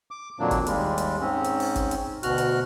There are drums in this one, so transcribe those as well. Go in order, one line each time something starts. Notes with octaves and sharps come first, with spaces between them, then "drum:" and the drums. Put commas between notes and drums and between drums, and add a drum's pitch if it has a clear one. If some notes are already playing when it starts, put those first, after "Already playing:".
D6
F2 A#2 D#3 F#3 A#3 D4
drum: kick G1, hi-hat
D#2 G3 G#3, drum: hi-hat
drum: hi-hat
G#2 C4 C#4
drum: hi-hat
drum: open hi-hat
drum: kick G1, hi-hat
drum: hi-hat
D2 B2 F#4 F6 F#6, drum: hi-hat
drum: hi-hat